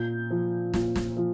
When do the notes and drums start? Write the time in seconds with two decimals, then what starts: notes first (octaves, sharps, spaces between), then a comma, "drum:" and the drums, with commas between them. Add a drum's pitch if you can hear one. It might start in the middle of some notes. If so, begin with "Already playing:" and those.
Already playing: A#2 G6
0.30 F3
0.74 A#2, drum: snare
0.96 drum: snare
1.17 F3